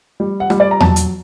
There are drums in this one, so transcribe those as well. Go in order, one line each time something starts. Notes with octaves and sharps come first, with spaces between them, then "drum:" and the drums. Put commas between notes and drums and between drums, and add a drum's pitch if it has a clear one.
G3
F#5
G3, drum: rim click
D5
A#5
F#3 A5, drum: tom E2
drum: hi-hat